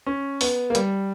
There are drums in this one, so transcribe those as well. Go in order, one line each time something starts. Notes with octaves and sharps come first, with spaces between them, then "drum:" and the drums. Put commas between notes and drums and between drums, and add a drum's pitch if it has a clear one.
C#4
B3, drum: open hi-hat
A#3
G3, drum: hi-hat